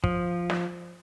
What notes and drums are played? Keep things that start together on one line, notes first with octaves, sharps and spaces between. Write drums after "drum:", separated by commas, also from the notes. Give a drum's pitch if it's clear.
F3, drum: kick
drum: snare